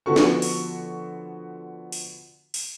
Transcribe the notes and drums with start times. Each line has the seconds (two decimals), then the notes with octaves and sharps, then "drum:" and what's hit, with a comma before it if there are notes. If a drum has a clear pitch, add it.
0.06 D3 F3 B3 F#4 A4 C#6
0.16 drum: snare
0.42 drum: open hi-hat
1.92 drum: open hi-hat
2.54 drum: open hi-hat